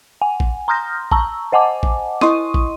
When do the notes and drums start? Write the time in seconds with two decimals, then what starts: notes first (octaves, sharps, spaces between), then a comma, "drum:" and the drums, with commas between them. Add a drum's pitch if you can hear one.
0.21 F#5 G#5
0.40 drum: kick
0.68 A#5 C6 D#6 F6 G6 A#6
1.12 A5 A#5 C#6 E6, drum: kick
1.52 C5 D#5 F#5 G#5 A5 D6
1.83 drum: kick
2.21 E4 D#5 C6 C#6 D#6 D#7, drum: snare
2.54 drum: kick